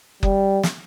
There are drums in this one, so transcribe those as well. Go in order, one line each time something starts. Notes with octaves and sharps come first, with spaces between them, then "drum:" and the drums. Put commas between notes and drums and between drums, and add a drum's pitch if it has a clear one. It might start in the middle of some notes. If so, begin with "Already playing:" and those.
G3, drum: kick F#1
drum: snare